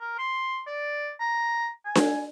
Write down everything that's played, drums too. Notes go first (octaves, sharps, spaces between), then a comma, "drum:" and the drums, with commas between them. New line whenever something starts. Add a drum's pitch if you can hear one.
A#4
C6
D5
A#5
G#5
drum: snare D4